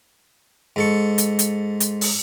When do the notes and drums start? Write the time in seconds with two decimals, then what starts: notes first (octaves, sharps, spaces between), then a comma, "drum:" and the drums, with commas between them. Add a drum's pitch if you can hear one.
0.76 G#2 A4 C#6
1.18 drum: hi-hat
1.39 drum: hi-hat
1.80 drum: hi-hat
2.01 drum: open hi-hat